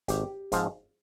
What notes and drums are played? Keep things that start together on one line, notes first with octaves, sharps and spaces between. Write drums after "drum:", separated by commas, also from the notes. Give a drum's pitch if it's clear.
G#1 G4, drum: kick, hi-hat
G#2 F3 C4, drum: kick, hi-hat